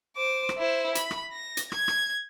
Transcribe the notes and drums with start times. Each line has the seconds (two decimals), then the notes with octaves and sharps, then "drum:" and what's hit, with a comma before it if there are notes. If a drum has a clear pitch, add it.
0.17 C5 D6
0.49 drum: rim click
0.58 E4 C5
0.95 B5, drum: hi-hat
1.11 drum: rim click
1.33 A#6
1.57 drum: hi-hat
1.72 G#6, drum: rim click
1.88 drum: rim click